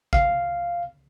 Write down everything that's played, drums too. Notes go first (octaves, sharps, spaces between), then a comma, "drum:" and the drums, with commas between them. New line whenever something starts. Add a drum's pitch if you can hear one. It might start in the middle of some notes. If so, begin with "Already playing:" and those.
F5, drum: kick